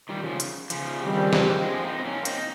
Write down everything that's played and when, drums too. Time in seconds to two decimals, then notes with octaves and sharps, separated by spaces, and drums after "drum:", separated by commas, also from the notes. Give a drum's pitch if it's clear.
0.09 D#3 G3
0.24 C#3 F3
0.40 drum: hi-hat
0.70 C#3 F3, drum: hi-hat
1.01 D#3 G3 C4 G4
1.33 drum: snare
1.63 F3 G#3
1.84 C4 D#4
1.99 C4
2.05 A#3 C#4
2.25 C4 D#4, drum: hi-hat